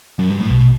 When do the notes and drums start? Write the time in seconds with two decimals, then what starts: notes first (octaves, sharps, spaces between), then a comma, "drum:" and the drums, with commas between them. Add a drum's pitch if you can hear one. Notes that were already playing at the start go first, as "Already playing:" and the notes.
0.19 F#2
0.30 G2
0.40 A2
0.50 B2, drum: kick A#1